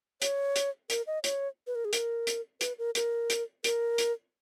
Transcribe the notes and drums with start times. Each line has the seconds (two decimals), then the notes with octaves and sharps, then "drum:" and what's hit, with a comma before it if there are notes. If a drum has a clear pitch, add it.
0.22 C#5, drum: hi-hat
0.56 drum: hi-hat
0.90 A#4, drum: hi-hat
1.07 D#5
1.24 C#5, drum: hi-hat
1.67 B4
1.75 A#4
1.85 G#4
1.93 A#4, drum: hi-hat
2.27 drum: hi-hat
2.61 B4, drum: hi-hat
2.79 A#4
2.95 A#4, drum: hi-hat
3.30 drum: hi-hat
3.64 A#4, drum: hi-hat
3.98 drum: hi-hat